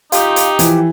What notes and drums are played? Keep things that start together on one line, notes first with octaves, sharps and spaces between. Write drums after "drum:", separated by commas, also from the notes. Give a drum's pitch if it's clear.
D#4 F4 G4, drum: hi-hat
drum: hi-hat
E3 F3, drum: hi-hat